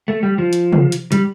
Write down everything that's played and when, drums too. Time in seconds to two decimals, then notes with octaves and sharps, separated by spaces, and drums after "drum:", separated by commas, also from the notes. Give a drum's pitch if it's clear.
0.08 A3
0.23 G3
0.38 F3
0.53 drum: hi-hat
0.72 drum: tom
0.92 drum: hi-hat
1.12 G3, drum: hi-hat